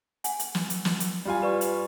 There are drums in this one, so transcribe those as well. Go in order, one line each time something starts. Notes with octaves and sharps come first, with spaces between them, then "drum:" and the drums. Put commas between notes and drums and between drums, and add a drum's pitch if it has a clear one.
F#5 G#5, drum: hi-hat
drum: hi-hat
drum: snare
drum: hi-hat
drum: snare
drum: hi-hat
G3 F4 G#5
B4 D5 C#6
drum: hi-hat